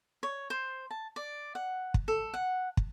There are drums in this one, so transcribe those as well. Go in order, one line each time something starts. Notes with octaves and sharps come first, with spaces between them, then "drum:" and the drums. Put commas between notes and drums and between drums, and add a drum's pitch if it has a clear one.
C#5
C5
A5
D5
F#5
drum: kick
A4
F#5
drum: kick